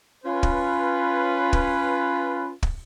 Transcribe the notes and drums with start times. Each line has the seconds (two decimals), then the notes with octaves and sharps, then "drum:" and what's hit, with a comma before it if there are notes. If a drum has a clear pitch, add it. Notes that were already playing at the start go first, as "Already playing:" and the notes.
0.25 C#4 F4 B4
0.43 drum: kick
1.53 drum: kick
2.63 drum: kick